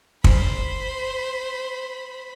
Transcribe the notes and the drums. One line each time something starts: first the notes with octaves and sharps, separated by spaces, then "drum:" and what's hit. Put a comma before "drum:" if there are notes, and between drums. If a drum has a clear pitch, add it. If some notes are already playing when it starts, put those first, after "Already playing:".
C5 B5, drum: kick